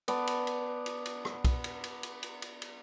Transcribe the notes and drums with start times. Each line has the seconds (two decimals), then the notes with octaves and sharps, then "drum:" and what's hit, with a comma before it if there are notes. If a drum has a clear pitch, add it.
0.08 B3 D5 A5, drum: cymbal
0.27 drum: cymbal
0.47 drum: cymbal
0.86 drum: cymbal
1.05 drum: cymbal
1.25 drum: rim click
1.45 drum: kick B1, cymbal
1.64 drum: cymbal
1.84 drum: cymbal
2.03 drum: cymbal
2.23 drum: cymbal
2.42 drum: cymbal
2.62 drum: cymbal